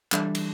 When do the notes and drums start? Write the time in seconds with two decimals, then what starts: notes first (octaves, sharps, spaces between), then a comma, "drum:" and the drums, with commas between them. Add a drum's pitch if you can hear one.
0.12 E3 G3 D4 A4 E5, drum: clap
0.35 drum: cymbal